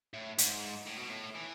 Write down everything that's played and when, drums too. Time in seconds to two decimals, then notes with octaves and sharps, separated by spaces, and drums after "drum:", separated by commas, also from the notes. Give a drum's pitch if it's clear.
0.14 A2
0.38 G#2, drum: hi-hat
0.87 A2
0.98 B2
1.09 A2
1.35 E3